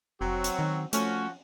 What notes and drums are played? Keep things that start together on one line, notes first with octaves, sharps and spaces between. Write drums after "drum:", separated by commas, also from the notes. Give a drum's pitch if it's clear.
F1 F#3 C4 F#4
drum: hi-hat
D#3
F3 A3 C#4 F#4, drum: hi-hat